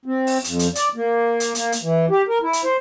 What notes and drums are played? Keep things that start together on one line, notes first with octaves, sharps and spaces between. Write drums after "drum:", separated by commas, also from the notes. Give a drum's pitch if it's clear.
C4
drum: open hi-hat
F2, drum: hi-hat
drum: hi-hat
D5, drum: hi-hat
A#3
drum: hi-hat
A#3, drum: hi-hat
drum: hi-hat
E3
G4
A#4
E4
drum: hi-hat
C5